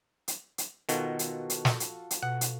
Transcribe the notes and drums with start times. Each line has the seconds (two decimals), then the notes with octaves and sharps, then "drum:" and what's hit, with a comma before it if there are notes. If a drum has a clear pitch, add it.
0.28 drum: hi-hat
0.58 drum: hi-hat
0.89 B2 D#3 F4 F#4 A4, drum: hi-hat
1.19 drum: hi-hat
1.50 drum: hi-hat
1.65 drum: snare
1.80 drum: hi-hat
2.11 drum: hi-hat
2.23 B2 F#5
2.41 drum: hi-hat